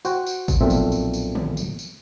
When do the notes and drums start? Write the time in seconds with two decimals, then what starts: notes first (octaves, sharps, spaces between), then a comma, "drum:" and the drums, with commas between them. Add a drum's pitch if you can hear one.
0.05 F#4 C5 F#5 G5, drum: tambourine
0.26 drum: tambourine
0.48 drum: kick, tambourine
0.61 B1 F2 A#2 A3 C4 E5
0.70 drum: tambourine
0.92 drum: tambourine
1.14 drum: tambourine
1.35 drum: tom D3
1.57 drum: tambourine
1.79 drum: tambourine